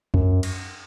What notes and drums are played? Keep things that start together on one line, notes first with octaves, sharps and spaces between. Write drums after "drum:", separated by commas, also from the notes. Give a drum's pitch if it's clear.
F#2, drum: kick
drum: cymbal